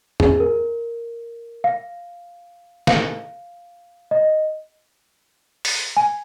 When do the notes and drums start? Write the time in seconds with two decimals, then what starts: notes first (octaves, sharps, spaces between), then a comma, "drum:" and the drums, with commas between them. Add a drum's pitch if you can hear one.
0.20 G#4, drum: tom
0.40 A#4
1.64 F5
2.87 F5, drum: snare
4.11 D#5
5.65 drum: open hi-hat
5.97 G#5